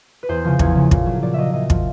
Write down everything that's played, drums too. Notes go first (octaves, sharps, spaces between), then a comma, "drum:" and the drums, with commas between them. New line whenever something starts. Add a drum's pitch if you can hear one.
B4
E2 C5
C#3 F3
E2 C#5, drum: kick
C#3 F3
A#2, drum: kick
F#3
A#2 D5
F#3 D#5 E5
A#2 D#5
F3, drum: kick